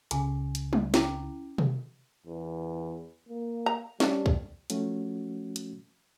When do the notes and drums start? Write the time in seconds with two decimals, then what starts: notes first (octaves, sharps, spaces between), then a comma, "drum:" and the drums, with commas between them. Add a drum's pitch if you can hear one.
0.11 C#2 C#3 G#4 G#5, drum: hi-hat
0.55 drum: hi-hat
0.73 drum: tom F#3
0.94 C#4 E4 D6, drum: snare
1.58 drum: tom B2
2.26 E2
3.29 A#3
3.66 A#5
4.00 G3 C#4 D4, drum: snare
4.26 drum: kick
4.70 F3 F#3 A3 C#4 F#4, drum: hi-hat
5.56 drum: hi-hat